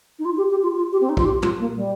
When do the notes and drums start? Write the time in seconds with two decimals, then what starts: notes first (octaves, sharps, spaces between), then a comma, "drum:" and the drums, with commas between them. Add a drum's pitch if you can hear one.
0.19 D#4
0.25 F4
0.37 G4
0.50 G4
0.62 F4
0.75 F4
0.92 G4
1.01 C4
1.09 D#4
1.17 F4, drum: kick
1.25 G4
1.42 F4, drum: tom
1.59 A#3
1.76 G3